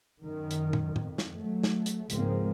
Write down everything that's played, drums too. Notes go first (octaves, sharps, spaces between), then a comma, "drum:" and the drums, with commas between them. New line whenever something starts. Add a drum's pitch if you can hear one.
F#2 D#3
drum: hi-hat
drum: tom
F2, drum: tom
drum: snare
F#3 A3
drum: snare
drum: hi-hat
C#2 G#2 F3 G#3 A#3 C4, drum: hi-hat